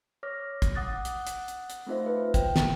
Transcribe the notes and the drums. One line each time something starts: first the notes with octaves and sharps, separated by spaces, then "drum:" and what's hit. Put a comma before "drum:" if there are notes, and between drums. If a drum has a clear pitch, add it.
C#5 D6 F6 A#6
drum: kick, hi-hat
F#5 D6 D#6 F#6 A6
drum: hi-hat
drum: hi-hat
drum: hi-hat
drum: hi-hat
A3 C4 D#4 F4 C5 E5
B4
G5, drum: kick, hi-hat
drum: snare